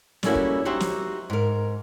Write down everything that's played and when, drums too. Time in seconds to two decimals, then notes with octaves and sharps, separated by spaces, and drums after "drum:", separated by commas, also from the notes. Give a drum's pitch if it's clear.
0.23 G3 A3 A#3 C#4 E4 F#4, drum: snare
0.35 drum: kick
0.65 D#4 F#4 G4 C5 E5
0.80 drum: snare
1.30 G#2 A#4